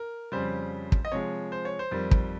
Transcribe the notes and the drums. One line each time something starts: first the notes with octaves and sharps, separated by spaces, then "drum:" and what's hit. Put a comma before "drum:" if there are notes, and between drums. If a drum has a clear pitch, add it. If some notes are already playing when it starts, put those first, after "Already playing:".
Already playing: A#4
F2 C#3 G3 C5
drum: kick
D#5
C3 F3 G#3 C#5
C5
C#5
C5
F2 D#3 G3
drum: kick